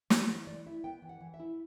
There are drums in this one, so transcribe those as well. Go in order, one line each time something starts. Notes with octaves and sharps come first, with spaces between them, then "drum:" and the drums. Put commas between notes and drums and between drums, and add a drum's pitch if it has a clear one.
B3 D5, drum: snare
E3
E3 D5
E4 E5
B3 G5
E3
F#5
E3
E5
E4